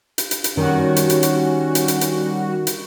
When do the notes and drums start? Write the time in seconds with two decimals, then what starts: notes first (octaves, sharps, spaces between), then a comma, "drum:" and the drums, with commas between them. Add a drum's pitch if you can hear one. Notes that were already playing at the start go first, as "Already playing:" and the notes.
0.18 drum: hi-hat
0.31 drum: hi-hat
0.44 drum: hi-hat
0.57 D#3 G3 C#4 F#4
0.96 drum: hi-hat
1.10 drum: hi-hat
1.23 drum: hi-hat
1.75 drum: hi-hat
1.88 drum: hi-hat
2.01 drum: hi-hat
2.67 drum: hi-hat